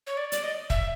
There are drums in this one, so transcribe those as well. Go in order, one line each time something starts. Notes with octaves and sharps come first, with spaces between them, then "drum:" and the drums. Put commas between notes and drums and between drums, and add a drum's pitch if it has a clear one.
C#5
D5
D5, drum: hi-hat
D#5
E5, drum: kick